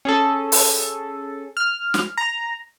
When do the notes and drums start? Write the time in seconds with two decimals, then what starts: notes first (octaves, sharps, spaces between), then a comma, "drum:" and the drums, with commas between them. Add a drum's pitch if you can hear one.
0.05 C#4 G#4 A4
0.52 drum: open hi-hat
1.57 F6
1.94 drum: snare
2.17 A#5